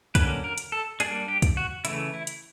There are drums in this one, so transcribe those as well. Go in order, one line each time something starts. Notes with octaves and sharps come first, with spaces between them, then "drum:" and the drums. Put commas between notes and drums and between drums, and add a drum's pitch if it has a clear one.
D3 F#3 A#3 C#4 B4, drum: kick, hi-hat
A#4
drum: hi-hat
A4
G3 A#3 D4 G#4, drum: hi-hat
G4
drum: kick, hi-hat
F#4
C#3 E3 A3 E4, drum: hi-hat
E4
drum: hi-hat